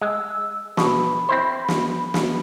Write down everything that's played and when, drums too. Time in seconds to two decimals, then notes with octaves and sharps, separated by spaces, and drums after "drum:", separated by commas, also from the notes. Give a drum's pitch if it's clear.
0.01 G#3 E6
0.77 B2 B5, drum: snare
1.29 C4 E4 C5
1.68 drum: snare
2.14 drum: snare